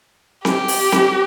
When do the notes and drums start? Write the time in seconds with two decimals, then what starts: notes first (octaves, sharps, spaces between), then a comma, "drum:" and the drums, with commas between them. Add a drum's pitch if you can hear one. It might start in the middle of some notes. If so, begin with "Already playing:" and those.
0.45 G4, drum: snare C4
0.68 drum: open hi-hat
0.92 drum: snare C4